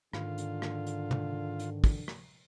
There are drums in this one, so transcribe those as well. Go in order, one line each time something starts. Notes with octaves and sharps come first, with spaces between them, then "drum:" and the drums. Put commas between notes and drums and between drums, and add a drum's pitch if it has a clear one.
G#2 D3 D#3 F4, drum: rim click
drum: hi-hat
drum: rim click
drum: hi-hat
drum: tom
drum: hi-hat
drum: kick, open hi-hat
drum: rim click